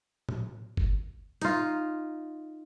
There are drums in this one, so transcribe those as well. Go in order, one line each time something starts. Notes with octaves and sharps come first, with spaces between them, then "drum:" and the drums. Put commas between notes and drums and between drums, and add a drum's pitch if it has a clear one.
drum: tom A2
drum: kick F#1
D#4 F4, drum: hi-hat